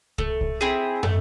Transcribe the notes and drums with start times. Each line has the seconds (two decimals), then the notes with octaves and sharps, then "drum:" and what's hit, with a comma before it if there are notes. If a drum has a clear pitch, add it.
0.18 A3, drum: kick
0.41 drum: kick
0.61 C4 E4 G#4
1.03 A3, drum: tom